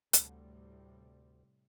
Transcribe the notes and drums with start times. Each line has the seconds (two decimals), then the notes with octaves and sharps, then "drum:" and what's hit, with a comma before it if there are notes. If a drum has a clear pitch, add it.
0.13 D2 A2 C3 G3, drum: hi-hat